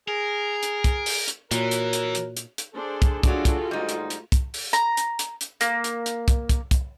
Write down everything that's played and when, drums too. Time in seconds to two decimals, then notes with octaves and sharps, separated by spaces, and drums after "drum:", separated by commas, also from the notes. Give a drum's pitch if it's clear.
0.08 G#4 A#4
0.63 drum: hi-hat
0.84 drum: kick, hi-hat
1.06 drum: open hi-hat
1.28 drum: hi-hat
1.51 A#2 E3 F#4 A#4 C#5, drum: hi-hat
1.71 drum: hi-hat
1.93 drum: hi-hat
2.15 drum: hi-hat
2.37 drum: hi-hat
2.58 drum: hi-hat
2.75 D4 G#4 A4 C5
3.02 drum: kick, hi-hat
3.23 F#3 A3 D4 F4 F#4, drum: kick, hi-hat
3.45 drum: kick, hi-hat
3.71 G#2 D#3 G3 G#3 D#4
3.89 drum: hi-hat
4.10 drum: hi-hat
4.32 drum: kick, hi-hat
4.54 drum: open hi-hat
4.73 A#5, drum: hi-hat
4.97 drum: hi-hat
5.19 drum: hi-hat
5.41 drum: hi-hat
5.61 A#3, drum: hi-hat
5.84 drum: hi-hat
6.06 drum: hi-hat
6.28 drum: kick, hi-hat
6.49 drum: kick, hi-hat
6.71 drum: kick, hi-hat